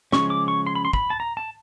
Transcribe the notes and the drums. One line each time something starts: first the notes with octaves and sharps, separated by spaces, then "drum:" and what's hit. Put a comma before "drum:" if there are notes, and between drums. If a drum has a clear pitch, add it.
C#3 F3 G#3 C#4 C#6, drum: snare
D6
C#6
C6
B5
C6
B5, drum: kick
A5
A#5
A5